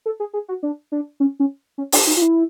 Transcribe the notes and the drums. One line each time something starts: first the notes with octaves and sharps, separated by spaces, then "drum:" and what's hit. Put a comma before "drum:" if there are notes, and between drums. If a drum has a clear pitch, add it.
A4
G#4
G#4
F#4
D4
D4
C#4
C#4
C#4
D4, drum: open hi-hat
D#4
F4
E4